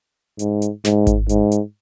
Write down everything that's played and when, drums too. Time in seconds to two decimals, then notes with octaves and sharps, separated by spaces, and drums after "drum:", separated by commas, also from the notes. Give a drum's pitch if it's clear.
0.39 G#2, drum: hi-hat
0.62 drum: hi-hat
0.85 G#2, drum: snare
1.07 drum: kick G#1, hi-hat
1.29 G#2, drum: hi-hat
1.52 drum: hi-hat